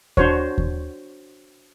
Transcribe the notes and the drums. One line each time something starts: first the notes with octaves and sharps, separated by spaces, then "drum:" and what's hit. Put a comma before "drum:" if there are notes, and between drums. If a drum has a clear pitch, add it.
D4 F#4 C5 C#5, drum: kick D#2
drum: kick D#2